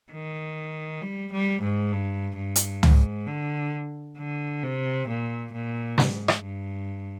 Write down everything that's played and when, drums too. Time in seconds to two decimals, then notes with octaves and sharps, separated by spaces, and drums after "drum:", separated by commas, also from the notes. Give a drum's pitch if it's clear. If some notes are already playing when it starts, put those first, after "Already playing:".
0.12 D#3
1.02 G3
1.33 G3
1.63 G#2
1.93 G2
2.37 G2
2.56 drum: hi-hat
2.83 G#2, drum: tom
3.27 D3
4.18 D3
4.63 C3
5.09 A#2
5.53 A#2
5.98 G#2, drum: snare
6.28 drum: rim click
6.43 G2